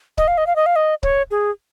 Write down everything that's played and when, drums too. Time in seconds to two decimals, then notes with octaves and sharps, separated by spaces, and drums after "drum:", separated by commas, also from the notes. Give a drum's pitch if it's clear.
0.18 D#5, drum: kick C#1
0.28 F5
0.38 D#5
0.47 F5
0.56 D#5
0.66 F5
0.76 D#5
1.03 C#5, drum: kick C#1
1.31 G#4